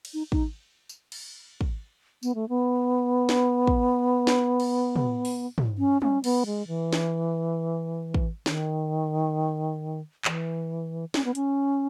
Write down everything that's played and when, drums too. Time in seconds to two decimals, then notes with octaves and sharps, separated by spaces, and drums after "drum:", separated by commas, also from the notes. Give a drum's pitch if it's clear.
0.05 drum: cymbal
0.14 D#4
0.32 D#4, drum: kick
0.89 drum: tambourine
1.12 drum: cymbal
1.61 drum: kick
2.23 B3, drum: tambourine
2.35 A3
2.49 B3
3.29 drum: snare
3.67 drum: kick
4.27 drum: snare
4.60 drum: cymbal
4.96 drum: tom
5.25 drum: open hi-hat
5.58 drum: tom
5.78 C#4
6.02 C#4, drum: tom
6.24 B3, drum: cymbal
6.46 G#3
6.68 E3
6.93 drum: snare
8.14 drum: kick
8.46 D#3, drum: snare
10.25 E3, drum: clap
11.14 C#4, drum: snare
11.25 B3
11.35 C#4, drum: hi-hat